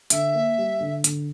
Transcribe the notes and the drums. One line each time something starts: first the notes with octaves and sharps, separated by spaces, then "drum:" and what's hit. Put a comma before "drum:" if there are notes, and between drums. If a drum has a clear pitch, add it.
D3 E5, drum: hi-hat
A#3
G3
D3
D3, drum: hi-hat